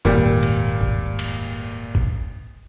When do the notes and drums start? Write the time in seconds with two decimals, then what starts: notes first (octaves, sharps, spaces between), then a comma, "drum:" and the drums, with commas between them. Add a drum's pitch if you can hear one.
0.05 D#1 G#1 F2 A#2 G3
0.43 drum: cymbal
0.81 drum: kick G#1
1.19 drum: cymbal
1.95 drum: kick G#1